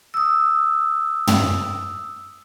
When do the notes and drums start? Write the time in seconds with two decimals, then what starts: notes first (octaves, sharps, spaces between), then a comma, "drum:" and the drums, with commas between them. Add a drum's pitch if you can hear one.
0.14 D#6 E6
1.27 drum: tom